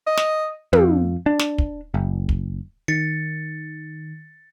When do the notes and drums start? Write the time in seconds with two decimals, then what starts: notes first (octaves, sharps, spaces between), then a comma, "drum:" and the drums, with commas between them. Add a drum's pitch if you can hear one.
0.07 D#5
0.17 drum: snare
0.73 F2, drum: tom
1.26 D4
1.39 drum: snare
1.58 drum: kick
1.94 F#1
2.29 drum: kick
2.88 D#3 A6 C#7